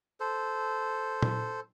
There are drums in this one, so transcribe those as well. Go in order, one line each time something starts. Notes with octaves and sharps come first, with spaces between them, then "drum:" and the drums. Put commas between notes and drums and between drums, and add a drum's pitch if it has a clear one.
A4 C5
drum: tom A#2